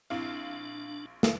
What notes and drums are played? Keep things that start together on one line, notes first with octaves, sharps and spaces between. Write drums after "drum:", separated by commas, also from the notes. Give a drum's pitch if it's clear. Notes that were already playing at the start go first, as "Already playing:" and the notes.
A#1 C4 D4 E4 F5
drum: snare